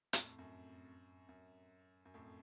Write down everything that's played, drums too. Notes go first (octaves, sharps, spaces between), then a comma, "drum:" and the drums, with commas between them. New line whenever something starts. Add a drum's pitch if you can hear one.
F2 A2, drum: hi-hat
F2
F#2
F#2
F#2
F2 A2